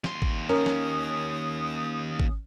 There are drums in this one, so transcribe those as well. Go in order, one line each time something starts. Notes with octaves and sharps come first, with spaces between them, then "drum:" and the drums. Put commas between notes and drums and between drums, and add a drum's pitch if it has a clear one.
D#2 C6, drum: snare
drum: kick
C#4 A#4 D#6
drum: snare
drum: kick